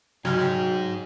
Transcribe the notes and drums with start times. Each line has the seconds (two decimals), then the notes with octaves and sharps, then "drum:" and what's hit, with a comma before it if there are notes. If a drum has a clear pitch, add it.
0.25 F#3 D#4 F#4 G#4 G5 F6 G#6, drum: snare
0.39 drum: snare